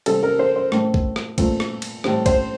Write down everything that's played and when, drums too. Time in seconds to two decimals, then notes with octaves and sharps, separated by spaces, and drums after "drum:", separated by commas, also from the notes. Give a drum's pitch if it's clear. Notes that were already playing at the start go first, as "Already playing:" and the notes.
0.06 C3 G3 C4 A4, drum: cymbal
0.23 A#4
0.39 C5
0.56 C5
0.72 A2 A3 C4, drum: rim click
0.94 drum: kick
1.16 drum: rim click
1.38 A#2 A3 C4, drum: kick, cymbal
1.60 drum: rim click
1.82 drum: cymbal
2.04 A2 G3 C4, drum: rim click
2.26 C5, drum: kick, cymbal